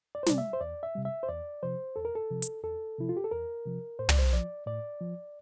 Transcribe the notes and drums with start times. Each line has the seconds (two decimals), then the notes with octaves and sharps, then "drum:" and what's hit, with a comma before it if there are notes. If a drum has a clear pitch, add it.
0.15 D5
0.23 C5
0.26 C3 G3 D5, drum: snare
0.38 E5
0.53 C5
0.60 E2 D5
0.83 E5
0.95 C3 G3
1.05 E5
1.23 C5
1.28 E2 D5
1.63 C3 F3 C5
1.96 E2 A4
2.05 A#4
2.15 A4
2.30 C3 F3
2.42 drum: hi-hat
2.63 E2 A4
2.98 C3 F3 E4
3.09 F4
3.17 G4
3.24 A4
3.31 E2 A#4
3.65 C3 F3
3.99 A2 C5
4.09 D5, drum: tom
4.19 C5
4.33 F3 D5
4.66 A2 D5
5.01 F3